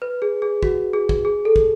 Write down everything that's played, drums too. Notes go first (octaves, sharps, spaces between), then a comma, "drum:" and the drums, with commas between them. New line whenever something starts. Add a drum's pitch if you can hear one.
B4
G#4
G#4
F#4, drum: kick
G#4
drum: kick
G#4
A4
drum: kick